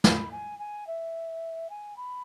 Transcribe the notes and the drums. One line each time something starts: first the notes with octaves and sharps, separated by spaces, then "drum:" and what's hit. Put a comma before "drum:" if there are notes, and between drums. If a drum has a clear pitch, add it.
B5, drum: snare
G#5
G#5
E5
G#5
B5